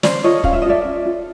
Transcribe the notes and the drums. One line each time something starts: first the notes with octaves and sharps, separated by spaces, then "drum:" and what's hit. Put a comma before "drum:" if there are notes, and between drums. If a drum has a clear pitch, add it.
C#4 C5 D5, drum: snare
F4 A4 C#5 D#5
C#4 F5, drum: kick
E5
D#5
F4 A4 D5 E5
C#4
F4 A4